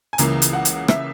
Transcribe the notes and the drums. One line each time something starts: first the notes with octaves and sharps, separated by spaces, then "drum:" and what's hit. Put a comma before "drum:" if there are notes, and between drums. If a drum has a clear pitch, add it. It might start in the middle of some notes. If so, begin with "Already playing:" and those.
G#5
C#2 C#3 E3 A#3 A#5, drum: hi-hat
drum: hi-hat
F#5
drum: hi-hat
E5, drum: rim click